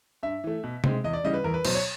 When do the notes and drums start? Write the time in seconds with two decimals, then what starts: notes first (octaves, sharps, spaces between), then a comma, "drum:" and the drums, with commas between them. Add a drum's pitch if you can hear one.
0.23 G2 E5
0.44 E3 A3
0.64 B2
0.84 G#3 C4, drum: tom C3
1.04 E2 D#5
1.13 D5
1.24 C#3 E3 G3 D#5
1.34 B4
1.44 E2 A#4
1.54 B4
1.65 B2 F#3 C5, drum: cymbal
1.74 C#5